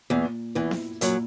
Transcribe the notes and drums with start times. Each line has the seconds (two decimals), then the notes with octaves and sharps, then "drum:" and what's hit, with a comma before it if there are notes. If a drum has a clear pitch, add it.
0.10 E2 A#2 E3
0.55 E2 E3 E4
0.71 drum: snare B3
1.01 F#2 A#2 F#3, drum: hi-hat